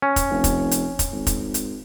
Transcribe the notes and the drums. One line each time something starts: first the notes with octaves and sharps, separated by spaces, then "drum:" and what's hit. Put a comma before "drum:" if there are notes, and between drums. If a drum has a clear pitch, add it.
C#4
drum: kick, hi-hat
F1
drum: kick, hi-hat
drum: hi-hat
drum: kick, hi-hat
G#1
drum: kick, hi-hat
drum: hi-hat